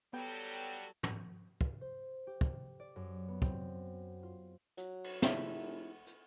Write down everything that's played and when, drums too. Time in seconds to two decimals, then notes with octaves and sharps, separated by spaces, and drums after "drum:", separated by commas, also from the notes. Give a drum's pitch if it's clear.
0.13 F#3 G3 B3 A4 G5
1.03 drum: tom
1.61 drum: kick
1.81 C5
2.27 G4
2.41 drum: kick
2.80 D5
2.96 F#2
3.28 B3
3.42 C4, drum: kick
4.23 F4
4.77 F#3, drum: hi-hat
5.04 drum: cymbal
5.22 F1 E4 G#4 E5, drum: snare
6.07 drum: hi-hat